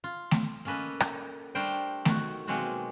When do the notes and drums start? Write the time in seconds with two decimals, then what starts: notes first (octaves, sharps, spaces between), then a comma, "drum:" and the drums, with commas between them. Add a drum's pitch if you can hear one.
0.04 F4
0.31 drum: snare A3
0.65 A#3 C#4 A4 B4 D#5
1.00 drum: rim click
1.55 G3 A3 D4 A#4 C5 G5
2.05 D#3 F#4, drum: snare A3
2.47 B2 F#3 G#3 A#3 C4 F#4